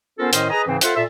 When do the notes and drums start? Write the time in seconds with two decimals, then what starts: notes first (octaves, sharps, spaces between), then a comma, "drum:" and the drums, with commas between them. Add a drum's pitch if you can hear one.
0.19 B3 C#4 F4 A4 A#4 C5
0.33 A2 D#3 C#4 C5 D#5, drum: hi-hat
0.50 G#4 B4 D#5 G#5 A#5
0.66 G#2 C#3 E3 C4
0.81 F4 A4 C5 E5 F#5, drum: hi-hat
0.95 A#2 F4 A4 E5